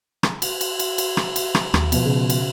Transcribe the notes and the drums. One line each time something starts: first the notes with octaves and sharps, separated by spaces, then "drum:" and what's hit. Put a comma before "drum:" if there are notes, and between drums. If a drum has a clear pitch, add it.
drum: rim click
drum: cymbal
drum: cymbal
drum: cymbal
drum: cymbal
drum: rim click
drum: cymbal
drum: rim click
D#2, drum: rim click
B2 F3, drum: cymbal
C#3
drum: cymbal